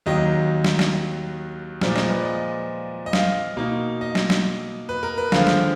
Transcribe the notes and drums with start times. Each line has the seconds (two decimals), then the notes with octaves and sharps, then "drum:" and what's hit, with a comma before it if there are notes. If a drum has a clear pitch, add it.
0.06 D#2 D#3 F#3 D#5
0.64 drum: snare
0.79 drum: snare
1.81 A#2 F3 G#3 D5, drum: snare
1.96 D#5, drum: snare
2.10 B4
2.21 D5
2.25 D#5
3.06 D#5
3.13 F5, drum: snare
3.57 B2 A#3 D#4
4.01 D#5
4.15 drum: snare
4.30 drum: snare
4.89 B4
5.03 A#4
5.18 B4
5.32 D#2 D3 F3 G#3 F5, drum: snare
5.47 drum: snare